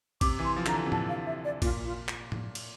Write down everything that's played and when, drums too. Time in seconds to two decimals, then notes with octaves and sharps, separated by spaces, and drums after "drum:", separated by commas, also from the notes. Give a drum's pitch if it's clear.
0.21 C3 D6, drum: kick, cymbal
0.39 E3
0.45 C6
0.56 F3
0.66 D3 A#5, drum: clap
0.74 E3
0.86 C3
0.92 D3 A5, drum: tom A2
1.09 F5
1.26 E5
1.44 D5
1.62 A#2 F4, drum: kick, cymbal
1.85 F4
2.08 drum: clap
2.32 drum: tom A2
2.55 drum: cymbal